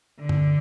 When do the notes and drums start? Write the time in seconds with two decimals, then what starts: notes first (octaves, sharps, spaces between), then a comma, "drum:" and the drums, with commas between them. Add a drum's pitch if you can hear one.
0.20 D3
0.29 drum: tom G2